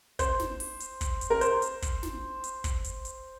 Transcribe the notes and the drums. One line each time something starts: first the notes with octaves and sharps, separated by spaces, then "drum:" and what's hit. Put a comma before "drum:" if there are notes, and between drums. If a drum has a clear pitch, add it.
C5, drum: kick, hi-hat
drum: snare
drum: open hi-hat
drum: hi-hat
drum: kick, hi-hat
drum: hi-hat
A#4
C5, drum: hi-hat
drum: hi-hat
drum: kick, hi-hat
drum: snare
drum: hi-hat
drum: kick, hi-hat
drum: hi-hat
drum: hi-hat